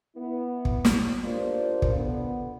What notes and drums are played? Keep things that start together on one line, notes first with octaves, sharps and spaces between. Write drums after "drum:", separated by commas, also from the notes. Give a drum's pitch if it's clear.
B3 E4
drum: kick
drum: snare
D4 F4 G4 A#4 C5 D5
drum: kick
D3 B3